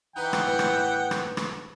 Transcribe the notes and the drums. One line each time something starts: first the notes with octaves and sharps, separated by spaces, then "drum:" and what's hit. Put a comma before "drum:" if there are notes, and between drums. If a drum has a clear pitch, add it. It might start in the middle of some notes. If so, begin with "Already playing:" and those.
E3 D#4 B4 F#5 G5 C6
drum: rim click
A2 B3
drum: rim click
drum: rim click
drum: rim click